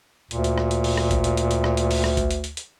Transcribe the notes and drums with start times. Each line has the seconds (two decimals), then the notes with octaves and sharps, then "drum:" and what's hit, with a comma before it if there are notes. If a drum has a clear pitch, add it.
0.31 D2 A#2, drum: hi-hat
0.44 drum: hi-hat
0.58 drum: rim click
0.71 drum: hi-hat
0.84 drum: open hi-hat
0.97 drum: rim click
1.11 drum: kick, hi-hat
1.24 drum: hi-hat
1.37 drum: hi-hat
1.51 drum: hi-hat
1.64 drum: rim click
1.77 drum: hi-hat
1.91 drum: open hi-hat
2.04 drum: rim click
2.17 drum: kick, hi-hat
2.31 drum: hi-hat
2.44 drum: hi-hat
2.57 drum: hi-hat